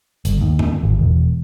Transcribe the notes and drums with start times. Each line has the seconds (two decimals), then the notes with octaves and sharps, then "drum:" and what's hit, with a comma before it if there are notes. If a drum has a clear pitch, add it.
0.25 G1, drum: hi-hat
0.41 D#2
0.59 drum: tom F2
0.83 G#1
0.99 E1